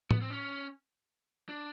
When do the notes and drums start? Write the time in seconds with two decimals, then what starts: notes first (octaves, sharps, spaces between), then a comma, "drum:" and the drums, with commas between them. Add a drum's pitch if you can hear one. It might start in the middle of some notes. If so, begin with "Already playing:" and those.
0.11 B3, drum: tom A2
0.22 C4
0.30 C#4
1.49 D4